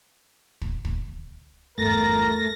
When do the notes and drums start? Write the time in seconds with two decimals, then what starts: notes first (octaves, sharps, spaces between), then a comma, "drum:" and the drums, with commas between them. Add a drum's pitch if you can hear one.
0.61 drum: kick
0.85 drum: kick
1.78 G1 E2 A3 A#4 A6 A#6